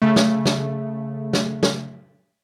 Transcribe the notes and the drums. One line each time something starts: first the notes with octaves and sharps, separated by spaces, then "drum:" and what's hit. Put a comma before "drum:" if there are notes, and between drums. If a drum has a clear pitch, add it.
C#3 A3
drum: snare
drum: snare
drum: snare
drum: snare